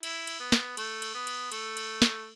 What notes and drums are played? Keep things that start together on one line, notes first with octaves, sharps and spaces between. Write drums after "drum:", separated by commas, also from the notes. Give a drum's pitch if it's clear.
E4, drum: cymbal
drum: cymbal
B3
drum: snare
A3, drum: cymbal
drum: cymbal
B3
drum: cymbal
A3, drum: cymbal
drum: cymbal
drum: snare